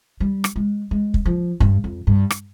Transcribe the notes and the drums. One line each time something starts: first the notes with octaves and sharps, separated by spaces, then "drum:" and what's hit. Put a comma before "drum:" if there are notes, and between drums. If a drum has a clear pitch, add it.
G3
drum: rim click
G#3
G#3
drum: kick
F3
G2, drum: kick
F2
G2
drum: rim click